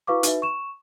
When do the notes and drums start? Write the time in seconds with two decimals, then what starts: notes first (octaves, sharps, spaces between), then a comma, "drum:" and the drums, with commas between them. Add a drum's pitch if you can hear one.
0.07 E4 F#4 B4 F5 C#6 D6
0.23 D#4 F#4 B4 E5, drum: hi-hat
0.42 C#6 E7